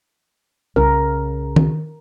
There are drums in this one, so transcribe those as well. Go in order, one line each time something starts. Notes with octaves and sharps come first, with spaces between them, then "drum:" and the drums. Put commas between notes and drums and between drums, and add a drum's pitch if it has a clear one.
C2 C#3 C#4 A#4
drum: tom D#3